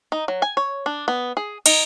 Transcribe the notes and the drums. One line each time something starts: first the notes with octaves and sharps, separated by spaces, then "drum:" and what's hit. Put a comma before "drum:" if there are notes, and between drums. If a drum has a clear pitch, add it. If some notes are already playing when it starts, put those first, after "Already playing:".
D#4
F#3
G#5
C#5
D4
B3
G#4
D#4, drum: cymbal